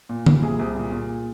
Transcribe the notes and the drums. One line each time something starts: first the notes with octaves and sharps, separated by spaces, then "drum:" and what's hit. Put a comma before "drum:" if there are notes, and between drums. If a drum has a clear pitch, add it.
A#2
A#2, drum: tom D3
C2 G#4
C2
A#2
A#2